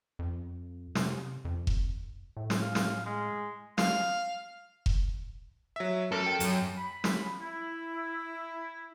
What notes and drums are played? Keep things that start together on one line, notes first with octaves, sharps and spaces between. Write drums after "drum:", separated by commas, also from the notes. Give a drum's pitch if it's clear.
F2
C3, drum: snare
F2
drum: kick F1
A2
drum: snare
F5
drum: snare
G#3
F5, drum: snare
drum: kick F1
F#3 E5
F#2 A4 A#4
G5
F#2, drum: hi-hat
B5
drum: snare
E4